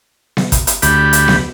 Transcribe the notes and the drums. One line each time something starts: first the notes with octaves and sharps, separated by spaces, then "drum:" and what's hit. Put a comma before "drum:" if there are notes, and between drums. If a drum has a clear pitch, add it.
drum: snare B3
drum: kick, hi-hat
drum: hi-hat
D2 G4 B5, drum: hi-hat
drum: hi-hat
drum: snare B3